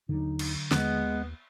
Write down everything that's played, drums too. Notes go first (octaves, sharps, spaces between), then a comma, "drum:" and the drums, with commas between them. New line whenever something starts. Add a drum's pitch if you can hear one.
D#2 D3 F#3 D#4
drum: cymbal
D#2 G#3 B3, drum: snare